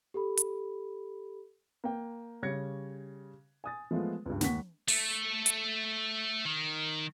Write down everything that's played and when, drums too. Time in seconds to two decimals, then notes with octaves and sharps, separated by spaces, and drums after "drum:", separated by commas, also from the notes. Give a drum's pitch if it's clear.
0.14 G4 A4 B5
0.37 drum: hi-hat
1.84 A#3 G5
2.43 C#3 G3 C#5 G#6 A#6 C#7
3.64 G#5 D#6 A6
3.91 F3 G#3 A3 B3 F4
4.26 C#2 G2
4.41 D#2 F#5 C#6 B6, drum: snare
4.88 A3, drum: open hi-hat
5.46 drum: hi-hat
6.45 D#3